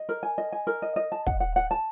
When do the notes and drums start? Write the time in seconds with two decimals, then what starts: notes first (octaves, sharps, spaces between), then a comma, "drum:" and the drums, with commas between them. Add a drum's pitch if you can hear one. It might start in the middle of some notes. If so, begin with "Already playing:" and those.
Already playing: D#5
0.09 A#4
0.23 G#5
0.38 D#5
0.52 G#5
0.67 A#4
0.82 D#5
0.96 D#5
1.12 A5
1.27 F#5, drum: kick
1.40 F#5
1.56 F#5
1.71 A5